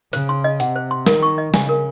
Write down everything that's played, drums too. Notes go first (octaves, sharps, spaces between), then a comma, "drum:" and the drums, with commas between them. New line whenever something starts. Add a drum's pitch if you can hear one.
C#3 C5, drum: hi-hat
C6
D#5
C3 F#5, drum: hi-hat
C5
C6
D#3 A#4, drum: snare
C#6
D#5
C#3 G#5, drum: snare
A#4